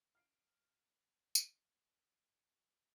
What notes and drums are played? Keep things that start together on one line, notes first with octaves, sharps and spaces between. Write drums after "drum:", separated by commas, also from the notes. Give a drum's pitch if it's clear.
F6 C7 D7
drum: tambourine